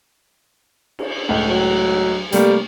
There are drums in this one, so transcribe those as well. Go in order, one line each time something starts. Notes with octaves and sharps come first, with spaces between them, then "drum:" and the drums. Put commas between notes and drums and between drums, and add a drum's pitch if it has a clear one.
drum: cymbal
C#2 A2
F#3
C3 G3 A3 A#3, drum: hi-hat